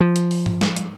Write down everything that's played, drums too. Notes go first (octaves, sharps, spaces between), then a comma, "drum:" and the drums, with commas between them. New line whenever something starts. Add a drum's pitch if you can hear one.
F3
drum: hi-hat
drum: open hi-hat
drum: tom G#2
drum: snare
drum: hi-hat